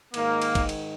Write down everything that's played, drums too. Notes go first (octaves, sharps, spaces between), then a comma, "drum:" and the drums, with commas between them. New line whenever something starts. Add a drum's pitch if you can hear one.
G#2 D#3 A#3, drum: cymbal
drum: cymbal
drum: kick, cymbal
drum: cymbal